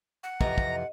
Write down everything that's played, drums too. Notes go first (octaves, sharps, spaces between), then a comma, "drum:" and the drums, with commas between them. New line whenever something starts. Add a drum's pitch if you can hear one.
F#5
F2 C3 E3 D#5 A#5, drum: kick
drum: kick